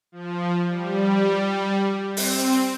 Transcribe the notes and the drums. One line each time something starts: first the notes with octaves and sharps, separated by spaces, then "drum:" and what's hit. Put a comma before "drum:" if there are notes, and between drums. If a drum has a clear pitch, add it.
F3
G3
C4, drum: open hi-hat